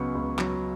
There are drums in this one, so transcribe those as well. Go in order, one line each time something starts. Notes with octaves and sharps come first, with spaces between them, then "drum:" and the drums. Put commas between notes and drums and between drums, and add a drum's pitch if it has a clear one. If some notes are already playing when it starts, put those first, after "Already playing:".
Already playing: C#2 C#3 F#3 B3 C#6
C#2
F#3, drum: clap